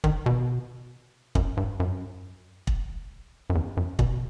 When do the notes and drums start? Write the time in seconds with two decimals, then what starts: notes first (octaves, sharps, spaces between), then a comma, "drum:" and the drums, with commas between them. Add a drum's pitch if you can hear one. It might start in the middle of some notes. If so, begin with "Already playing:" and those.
0.04 D#3, drum: kick
0.26 B2
1.35 F#2, drum: kick
1.57 G2
1.80 F#2
2.67 drum: kick
3.50 F#2
3.55 E2
3.77 F#2
3.99 B2, drum: kick